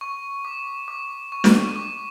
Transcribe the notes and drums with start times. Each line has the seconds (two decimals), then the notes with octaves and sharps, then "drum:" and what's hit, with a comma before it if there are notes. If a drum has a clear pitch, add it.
0.01 C#6
0.45 D6
0.88 D6
1.32 C#6
1.44 drum: snare
1.69 C#6
1.76 D6